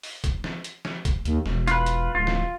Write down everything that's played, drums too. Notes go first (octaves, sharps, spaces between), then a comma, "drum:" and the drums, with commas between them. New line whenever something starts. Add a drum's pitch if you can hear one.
drum: open hi-hat
drum: kick, hi-hat
drum: snare
drum: hi-hat
drum: snare
drum: kick, hi-hat
D#2, drum: hi-hat
E1, drum: snare
F4 B4, drum: hi-hat
drum: hi-hat
D1 F4
drum: snare